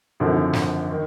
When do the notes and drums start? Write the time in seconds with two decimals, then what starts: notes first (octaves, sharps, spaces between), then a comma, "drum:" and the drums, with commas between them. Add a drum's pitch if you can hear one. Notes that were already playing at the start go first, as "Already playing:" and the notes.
0.20 G#1 F#2 D3 F3
0.53 drum: snare
0.92 D#3